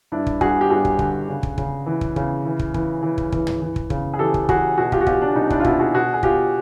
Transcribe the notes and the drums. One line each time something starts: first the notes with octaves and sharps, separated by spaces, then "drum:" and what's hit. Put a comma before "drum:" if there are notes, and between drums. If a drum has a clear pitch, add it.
G2 D4 E4
drum: kick
G2 F#4 G#4, drum: kick
G4
G2 F#4 G#4
drum: kick
D3, drum: kick
C#3
drum: kick
C#3, drum: kick
E3
drum: kick
C#3, drum: kick
E3
drum: kick
E3, drum: kick
E3
drum: kick
E3, drum: kick
drum: tom
E3
drum: kick
C#3, drum: kick
G#4
E3 G4 A4
drum: kick
E3 F#4 G#4, drum: kick
B2 F#4 G#4
F4 G4, drum: kick
F#4
B2 F4 G4, drum: kick
D4
C2 D#4
D4 E4, drum: kick
F4
B2 E4 F#4, drum: kick
F#4 G#4
B2 F#4 G#4
G#4
B2 F4 G4, drum: kick